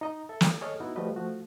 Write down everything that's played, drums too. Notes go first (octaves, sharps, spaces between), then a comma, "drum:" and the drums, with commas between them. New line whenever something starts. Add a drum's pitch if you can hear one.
D#4 D#5 A#5
A4 E5
drum: snare
G#4 A4 C#5 D#5 F6
B3 D#4 E4 F#4
F3 G3 A3 F#4 B4 D#5
F3 A3 F#4